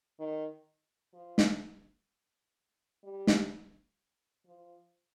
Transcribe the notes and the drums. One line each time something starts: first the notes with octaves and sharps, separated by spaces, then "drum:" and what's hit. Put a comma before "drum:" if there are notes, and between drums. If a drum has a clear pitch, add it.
D#3
F3
drum: snare
G3
drum: snare
F3